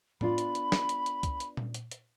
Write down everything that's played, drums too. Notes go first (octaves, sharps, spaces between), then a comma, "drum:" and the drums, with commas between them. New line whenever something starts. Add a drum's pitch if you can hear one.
B3 D4 F4 B5, drum: tom A2
drum: hi-hat
drum: hi-hat
drum: snare
drum: hi-hat
drum: hi-hat
drum: kick, hi-hat
drum: hi-hat
drum: tom A#2
drum: hi-hat
drum: hi-hat